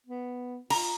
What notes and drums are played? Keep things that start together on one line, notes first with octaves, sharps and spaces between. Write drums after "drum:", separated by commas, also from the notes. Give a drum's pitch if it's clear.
B3
F4 A#5, drum: cymbal